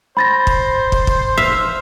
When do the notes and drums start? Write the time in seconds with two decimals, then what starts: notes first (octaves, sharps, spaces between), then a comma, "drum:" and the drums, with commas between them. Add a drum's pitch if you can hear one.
0.17 C5 B5 A6 A#6
0.47 drum: kick
0.92 drum: kick
1.07 drum: kick
1.37 E5 F5